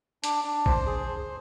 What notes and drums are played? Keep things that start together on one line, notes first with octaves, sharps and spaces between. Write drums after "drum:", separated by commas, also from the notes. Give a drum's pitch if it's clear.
D4, drum: hi-hat
D4
C5, drum: kick
G#4
C5